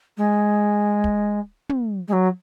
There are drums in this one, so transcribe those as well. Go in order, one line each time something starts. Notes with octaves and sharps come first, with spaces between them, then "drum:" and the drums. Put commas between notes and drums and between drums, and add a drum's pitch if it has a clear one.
G#3
drum: kick
drum: tom
G#3
F#3